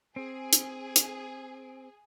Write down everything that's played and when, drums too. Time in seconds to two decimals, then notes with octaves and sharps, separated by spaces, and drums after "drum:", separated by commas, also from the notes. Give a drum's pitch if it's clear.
0.16 C4 G#4
0.53 drum: hi-hat
0.96 drum: hi-hat